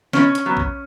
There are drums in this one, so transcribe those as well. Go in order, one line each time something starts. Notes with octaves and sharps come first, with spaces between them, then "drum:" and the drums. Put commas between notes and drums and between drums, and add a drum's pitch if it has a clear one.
B2 C#4, drum: snare
drum: hi-hat
F#3 B3
drum: kick A#1